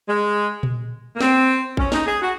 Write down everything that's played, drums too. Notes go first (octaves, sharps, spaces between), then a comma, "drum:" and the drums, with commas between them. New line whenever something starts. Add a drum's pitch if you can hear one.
G#3
drum: tom A#2
A#3
C4, drum: snare
C#4, drum: kick A1
D#4, drum: snare
G#4
F#4